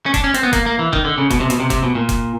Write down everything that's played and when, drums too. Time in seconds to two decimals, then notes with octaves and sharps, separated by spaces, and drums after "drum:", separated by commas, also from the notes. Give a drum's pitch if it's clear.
0.06 C#4
0.14 D4, drum: kick F1, hi-hat
0.24 C#4
0.34 C4, drum: hi-hat
0.43 B3
0.53 A#3, drum: kick F1, hi-hat
0.66 A#3
0.79 E3
0.93 D#3, drum: kick F1
1.05 D3
1.18 C#3
1.30 B2, drum: kick F1, hi-hat
1.40 C3
1.50 B2, drum: hi-hat
1.60 C3
1.70 C3, drum: kick F1, hi-hat
1.83 B2
1.95 A#2
2.09 drum: kick F1, hi-hat